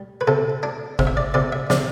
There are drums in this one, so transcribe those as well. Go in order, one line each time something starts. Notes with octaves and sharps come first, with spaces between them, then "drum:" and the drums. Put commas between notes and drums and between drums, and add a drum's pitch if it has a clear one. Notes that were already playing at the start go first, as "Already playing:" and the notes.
Already playing: G3
B4
C3 A4
D4
C3, drum: kick G#1
E5
D5
C3 D5
E5
C3 D5, drum: snare